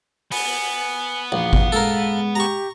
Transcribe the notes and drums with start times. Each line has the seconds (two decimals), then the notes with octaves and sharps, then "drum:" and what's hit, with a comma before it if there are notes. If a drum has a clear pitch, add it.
0.32 B3 G#5, drum: open hi-hat
1.32 A#1 E2 F5
1.53 drum: kick G#1
1.72 G#3 A4 A#4
2.35 G4 A#5 C#6